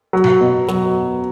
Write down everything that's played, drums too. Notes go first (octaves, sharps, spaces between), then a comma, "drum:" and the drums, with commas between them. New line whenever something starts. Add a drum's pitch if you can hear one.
F#3
drum: tom B2
B2
F#3, drum: snare